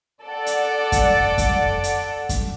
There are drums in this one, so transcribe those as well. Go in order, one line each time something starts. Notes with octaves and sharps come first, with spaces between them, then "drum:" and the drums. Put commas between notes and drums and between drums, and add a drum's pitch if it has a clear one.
A4 D5 F#5
drum: hi-hat
drum: kick F#2, hi-hat
drum: kick F#2, hi-hat
drum: hi-hat
drum: kick F#2, hi-hat